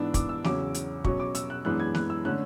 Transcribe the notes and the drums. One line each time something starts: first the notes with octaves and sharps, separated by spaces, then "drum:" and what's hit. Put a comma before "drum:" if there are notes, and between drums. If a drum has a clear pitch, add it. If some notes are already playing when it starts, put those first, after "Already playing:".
Already playing: G#2 E3 B3 D4 E6
D6, drum: kick, hi-hat
E6
E2 C#3 F#3 C#4 D6, drum: snare
drum: hi-hat
B2 F#3 C#4 C#6, drum: kick
D6
E6, drum: hi-hat
F#6
F#2 E3 G#3 B3 D4 F#6
G#6
F#6, drum: snare
E6
D3 A3 C#4 F#6